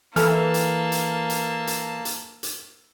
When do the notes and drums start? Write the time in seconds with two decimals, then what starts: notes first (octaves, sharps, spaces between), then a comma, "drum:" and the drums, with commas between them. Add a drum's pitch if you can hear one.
0.16 E3 A#3 A4 A5 F6, drum: hi-hat
0.54 drum: hi-hat
0.92 drum: hi-hat
1.30 drum: hi-hat
1.67 drum: hi-hat
2.05 drum: hi-hat
2.43 drum: hi-hat